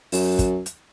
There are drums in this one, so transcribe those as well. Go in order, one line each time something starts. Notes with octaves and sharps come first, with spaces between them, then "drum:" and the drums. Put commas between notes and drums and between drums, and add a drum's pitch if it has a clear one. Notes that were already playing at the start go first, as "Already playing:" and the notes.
F#2, drum: open hi-hat
drum: kick, hi-hat
drum: hi-hat